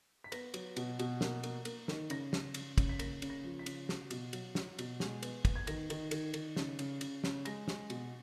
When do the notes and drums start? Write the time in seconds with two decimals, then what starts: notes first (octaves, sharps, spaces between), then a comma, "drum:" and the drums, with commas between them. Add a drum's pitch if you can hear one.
0.24 B6
0.32 B3 A#6, drum: cymbal
0.54 F#3, drum: cymbal
0.76 B2, drum: cymbal
0.99 B2, drum: cymbal
1.21 A#3, drum: snare
1.43 A#3, drum: cymbal
1.65 A#3, drum: cymbal
1.88 D#3, drum: snare
2.10 C#3 A#6, drum: cymbal
2.33 C#3, drum: snare
2.54 C#3, drum: cymbal
2.78 C#3, drum: kick, cymbal
2.89 B6
2.99 A#3 A#6, drum: cymbal
3.22 C#3, drum: cymbal
3.30 A#6
3.44 F3
3.59 B6
3.66 C#3, drum: cymbal
3.89 F#3, drum: snare
4.10 B2, drum: cymbal
4.33 F#3, drum: cymbal
4.55 F#3, drum: snare
4.79 B2, drum: cymbal
5.00 G#3, drum: snare
5.23 B3, drum: cymbal
5.45 B3, drum: kick, cymbal
5.56 G#6
5.67 D#3 A#6, drum: cymbal
5.90 D#3, drum: cymbal
6.11 D#3, drum: cymbal
6.34 D#3, drum: cymbal
6.56 C#3, drum: snare
6.79 C#3, drum: cymbal
7.01 C#3, drum: cymbal
7.24 C#3, drum: snare
7.45 G#3 A#6, drum: cymbal
7.68 G#3, drum: snare
7.90 B2, drum: cymbal